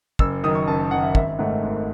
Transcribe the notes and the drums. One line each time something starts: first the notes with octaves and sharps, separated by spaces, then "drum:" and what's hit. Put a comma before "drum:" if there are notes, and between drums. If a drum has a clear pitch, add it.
F#1 E6, drum: kick
F#2 D#3 D#6
C#6
F#1 A5
F#2 D#3 F#5
E5
G#1 E5, drum: kick
G#2 D#3 A3 F#5
G#1